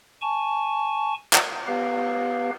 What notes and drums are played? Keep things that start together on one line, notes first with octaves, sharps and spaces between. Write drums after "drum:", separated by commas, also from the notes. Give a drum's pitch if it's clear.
G#5 A5 C#6
drum: clap
B3 G4 B4 F5